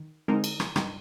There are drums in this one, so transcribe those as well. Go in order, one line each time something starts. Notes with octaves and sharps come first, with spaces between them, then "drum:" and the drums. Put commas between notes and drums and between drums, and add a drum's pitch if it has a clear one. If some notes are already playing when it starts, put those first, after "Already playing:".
Already playing: D#3
D3 G#3 C4 D#4 A#4
drum: cymbal
drum: rim click
G2 D#3 G3, drum: rim click